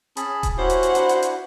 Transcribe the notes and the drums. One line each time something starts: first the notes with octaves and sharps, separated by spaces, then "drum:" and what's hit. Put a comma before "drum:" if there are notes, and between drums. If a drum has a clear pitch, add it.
C#4 G#4 A5 B5, drum: hi-hat
drum: kick D#1, hi-hat
C#4 E4 F#4 G4 C5 F#5
drum: hi-hat
drum: hi-hat
D4 E4 B4, drum: hi-hat
drum: hi-hat
drum: hi-hat